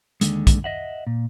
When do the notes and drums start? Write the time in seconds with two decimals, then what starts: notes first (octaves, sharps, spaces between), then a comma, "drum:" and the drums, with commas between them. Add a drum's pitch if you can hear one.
0.21 D#2 D3 G#3, drum: hi-hat
0.47 drum: kick, hi-hat
0.64 D#5 E5 F#5
1.07 A#2